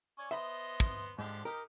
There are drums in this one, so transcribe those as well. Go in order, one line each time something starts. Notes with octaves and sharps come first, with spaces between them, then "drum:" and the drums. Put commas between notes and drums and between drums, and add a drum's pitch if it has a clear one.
C#4 C#5 D5
B3 C5 D#5 E5 B5
drum: kick
G#2 D3 F3 G4
D#4 G4 A#4 F6